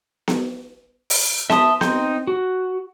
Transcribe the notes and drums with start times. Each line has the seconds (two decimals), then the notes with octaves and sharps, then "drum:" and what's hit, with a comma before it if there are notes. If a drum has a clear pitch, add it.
0.28 drum: snare B3
1.10 drum: open hi-hat
1.50 E5 A5 C6 D#6, drum: snare B3
1.81 C4 D#4 C6 G6, drum: snare B3
2.27 F#4